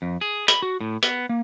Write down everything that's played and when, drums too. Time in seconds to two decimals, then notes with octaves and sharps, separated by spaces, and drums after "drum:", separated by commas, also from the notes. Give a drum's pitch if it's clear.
0.02 F2
0.21 G#4
0.48 B5, drum: hi-hat
0.62 F#4
0.81 A2
1.03 B3, drum: hi-hat
1.29 A#3